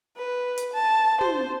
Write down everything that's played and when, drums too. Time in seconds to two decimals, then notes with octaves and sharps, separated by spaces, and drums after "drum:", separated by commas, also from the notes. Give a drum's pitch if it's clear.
0.17 B4
0.58 drum: hi-hat
0.74 A5
1.21 C5, drum: tom